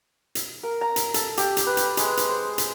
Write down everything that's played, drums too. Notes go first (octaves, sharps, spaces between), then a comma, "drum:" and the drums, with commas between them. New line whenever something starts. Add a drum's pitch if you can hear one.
drum: hi-hat
A#4
A#5
drum: hi-hat
A4, drum: hi-hat
G4, drum: hi-hat
drum: hi-hat
B4
drum: hi-hat
G#3, drum: hi-hat
drum: hi-hat
C5
drum: hi-hat